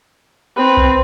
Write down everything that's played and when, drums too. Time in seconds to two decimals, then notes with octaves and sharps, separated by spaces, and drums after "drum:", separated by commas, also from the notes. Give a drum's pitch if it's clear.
0.57 C4 B4
0.77 drum: kick B1